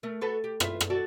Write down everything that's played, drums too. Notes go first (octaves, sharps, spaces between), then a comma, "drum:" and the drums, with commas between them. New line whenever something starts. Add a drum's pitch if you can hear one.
A3 A#4
F#4 A4 B4
G4
F4 B4 E5, drum: rim click
drum: rim click
F#4 A4 D5